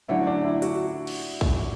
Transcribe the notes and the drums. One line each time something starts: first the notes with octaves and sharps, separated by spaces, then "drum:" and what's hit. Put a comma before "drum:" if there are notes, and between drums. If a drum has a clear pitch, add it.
D3 F#3 A3 C#4 E4
D4
E4
F#4, drum: hi-hat
drum: cymbal
drum: kick